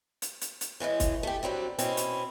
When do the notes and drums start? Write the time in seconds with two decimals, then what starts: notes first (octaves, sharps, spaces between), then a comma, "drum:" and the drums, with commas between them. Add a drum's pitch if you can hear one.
0.22 drum: hi-hat
0.41 drum: hi-hat
0.61 drum: hi-hat
0.80 A2 E3 G3 G#3
1.00 drum: kick, hi-hat
1.23 A3 G4
1.43 D3 F#3 G3 C4
1.79 B2 C4 C#4 E4, drum: hi-hat
1.97 drum: hi-hat